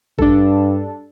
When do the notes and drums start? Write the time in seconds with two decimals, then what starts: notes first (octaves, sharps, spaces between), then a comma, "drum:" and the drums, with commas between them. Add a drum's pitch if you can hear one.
0.19 G2 D4 A4, drum: kick A1